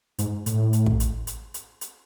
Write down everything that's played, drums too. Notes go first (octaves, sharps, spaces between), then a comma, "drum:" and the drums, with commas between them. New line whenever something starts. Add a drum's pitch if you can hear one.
G#2, drum: hi-hat
A2, drum: hi-hat
drum: hi-hat
drum: kick
drum: hi-hat
drum: hi-hat
drum: hi-hat
drum: hi-hat